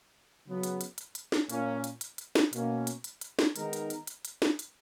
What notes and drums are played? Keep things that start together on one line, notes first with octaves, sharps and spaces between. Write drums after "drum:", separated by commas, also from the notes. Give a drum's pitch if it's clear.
C#3 F#3 B3
drum: hi-hat
drum: hi-hat
drum: hi-hat
drum: hi-hat
drum: snare
A#2 A#3 C#4, drum: hi-hat
drum: hi-hat
drum: hi-hat
drum: hi-hat
drum: snare
B2 A#3 C#4, drum: hi-hat
drum: hi-hat
drum: hi-hat
drum: hi-hat
drum: snare
D#3 G#3 B3 D#4 A#4, drum: hi-hat
drum: hi-hat
drum: hi-hat
drum: hi-hat
drum: hi-hat
drum: snare
drum: hi-hat